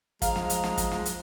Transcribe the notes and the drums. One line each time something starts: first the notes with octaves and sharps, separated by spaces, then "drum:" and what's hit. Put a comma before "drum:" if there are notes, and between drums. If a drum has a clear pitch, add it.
F3 G#3 F5 A#5, drum: kick, hi-hat
drum: snare
drum: hi-hat
drum: snare
drum: kick, hi-hat
drum: snare
drum: hi-hat